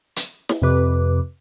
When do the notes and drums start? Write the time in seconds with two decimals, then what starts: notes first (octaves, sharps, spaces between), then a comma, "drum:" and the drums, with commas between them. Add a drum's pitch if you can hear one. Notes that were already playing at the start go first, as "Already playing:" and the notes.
0.16 drum: hi-hat
0.49 drum: snare
0.62 F2 C3 B4 D6